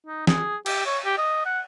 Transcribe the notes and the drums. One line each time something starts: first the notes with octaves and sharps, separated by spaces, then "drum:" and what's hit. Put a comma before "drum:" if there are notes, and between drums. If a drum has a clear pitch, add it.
D#4
G#4, drum: snare
G4, drum: cymbal
C#5
G4
D#5
F#5